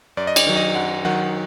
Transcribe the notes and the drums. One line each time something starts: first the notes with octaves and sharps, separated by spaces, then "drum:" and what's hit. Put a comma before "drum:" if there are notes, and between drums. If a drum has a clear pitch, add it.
F#2 D5
D#5
D5, drum: cymbal
D#3 F#3
D#5
F#2 F#5
D#3 F#3 F#5